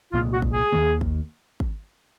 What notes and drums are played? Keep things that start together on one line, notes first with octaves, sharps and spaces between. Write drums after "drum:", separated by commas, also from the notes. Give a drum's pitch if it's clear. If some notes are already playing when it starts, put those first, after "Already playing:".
C2 A#2 G#3 F4
F#4
drum: kick
G#4
D#2 D#3 A#3
drum: kick
drum: kick